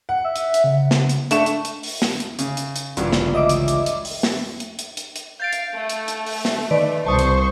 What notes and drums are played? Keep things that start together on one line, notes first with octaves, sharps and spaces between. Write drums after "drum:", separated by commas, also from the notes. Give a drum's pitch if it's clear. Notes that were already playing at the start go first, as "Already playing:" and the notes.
F#5
E5
drum: hi-hat
drum: hi-hat
C#3
drum: snare
drum: hi-hat
A3 D4 C#6 E7, drum: hi-hat
drum: hi-hat
drum: hi-hat
drum: open hi-hat
drum: snare
drum: hi-hat
C#3, drum: hi-hat
drum: hi-hat
drum: hi-hat
A1 D2 G2 C#3 F#3 G#3 F4 D5, drum: hi-hat
drum: snare
D#5 E5 D6
drum: hi-hat
drum: hi-hat
drum: hi-hat
drum: open hi-hat
drum: snare
drum: hi-hat
drum: hi-hat
drum: hi-hat
drum: hi-hat
F5 G6 A6 D7
drum: hi-hat
A3
drum: hi-hat
drum: hi-hat
drum: open hi-hat
drum: snare
D#3 B4 D5
C2 C5 A5 C#6 D#6
drum: hi-hat